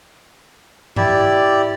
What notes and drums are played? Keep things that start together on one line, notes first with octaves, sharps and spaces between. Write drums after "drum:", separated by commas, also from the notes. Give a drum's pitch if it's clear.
E4 G4 D5, drum: tom G2